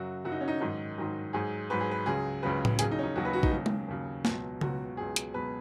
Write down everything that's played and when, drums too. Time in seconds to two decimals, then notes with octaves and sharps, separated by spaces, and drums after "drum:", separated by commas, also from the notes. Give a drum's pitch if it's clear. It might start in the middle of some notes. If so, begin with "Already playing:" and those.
Already playing: F#2 C#3 F#3 F#4
0.24 F#2 C#3 F#3 F#4
0.32 D#4
0.41 C#4
0.48 D#4
0.60 G#2 D#3 F#3 D#4
0.98 G#2 D#3 F#3
1.33 G#2 F#3 G#4
1.70 G#2 F#3 B4
1.80 G#4
1.91 B4
2.06 C#2 C#3 F#3 G#4
2.43 C#2 C#3 F#3 B4
2.65 drum: tom A2
2.79 D#2 C#3 F#3 G#4, drum: hi-hat
2.91 D#4
2.99 C#4
3.03 D#4
3.16 D#2 C#3 F#3 F#4
3.25 B4
3.33 F#4
3.43 D#4, drum: kick A#1
3.52 D#2 C#3 F#3
3.66 drum: tom G#3
3.88 D#2 C#3 F#3
4.25 C#2 B2 F#3, drum: snare
4.61 C#2 B2 F#3 F#4, drum: tom C#3
4.97 C#2 B2 F#3 G#4
5.16 drum: hi-hat
5.34 C#2 B2 F#3 B4